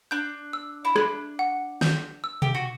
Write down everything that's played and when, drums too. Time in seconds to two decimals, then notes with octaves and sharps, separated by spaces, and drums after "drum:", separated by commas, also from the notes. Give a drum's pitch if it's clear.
0.11 D4 G6
0.53 E6
0.85 E4
0.96 D4 B5, drum: rim click
1.39 F#5
1.81 G6, drum: snare
2.24 E6
2.42 G4, drum: tom B2
2.55 F#4